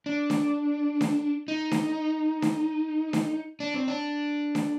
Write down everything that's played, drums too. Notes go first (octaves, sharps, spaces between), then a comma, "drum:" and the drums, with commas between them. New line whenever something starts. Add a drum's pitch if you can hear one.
D4
drum: snare D4
drum: snare D4
D#4
drum: snare D4
drum: snare D4
drum: snare D4
D4
C4
D4
drum: snare D4